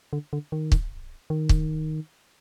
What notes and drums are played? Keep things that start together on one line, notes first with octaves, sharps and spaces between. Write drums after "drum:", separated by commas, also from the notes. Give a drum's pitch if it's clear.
D3
D3
D#3
drum: kick
D#3
drum: kick